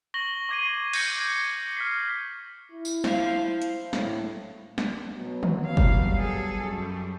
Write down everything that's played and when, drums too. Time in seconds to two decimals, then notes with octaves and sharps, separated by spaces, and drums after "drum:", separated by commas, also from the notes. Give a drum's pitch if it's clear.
0.14 C#6 A#6 F#7 G7
0.49 C#6 D6 G#6 A#6 C7 D#7
0.93 G6 G#6 A#6 C#7 D#7, drum: cymbal
1.20 G#6
1.76 F6 B6 C7
2.72 E4
2.85 drum: tambourine
3.04 C5 F5, drum: snare
3.62 drum: hi-hat
3.93 A2, drum: snare
4.78 drum: snare
5.12 B2 F#3
5.43 drum: tom
5.66 G3 F5
5.77 drum: kick F#1
6.18 G#4 A4
6.68 F#2 G3